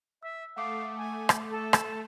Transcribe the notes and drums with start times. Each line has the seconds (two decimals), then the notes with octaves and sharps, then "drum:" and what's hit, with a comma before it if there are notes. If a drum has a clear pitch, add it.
0.23 E5 E6
0.56 A3 F5 F#5 D6 D#6
0.98 G#5
1.29 drum: rim click
1.51 A4
1.73 drum: rim click